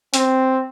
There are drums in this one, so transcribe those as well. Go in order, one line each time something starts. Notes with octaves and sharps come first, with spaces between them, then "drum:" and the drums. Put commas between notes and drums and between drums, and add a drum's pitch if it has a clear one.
C4, drum: hi-hat